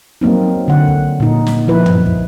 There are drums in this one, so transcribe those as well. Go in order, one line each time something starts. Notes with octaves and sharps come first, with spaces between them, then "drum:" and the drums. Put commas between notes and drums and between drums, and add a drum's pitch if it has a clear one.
F#3 A#3 C4 D#4
D3 F#5
drum: kick
A#2 D#4
drum: snare
F3 E4 B4
drum: tom
drum: kick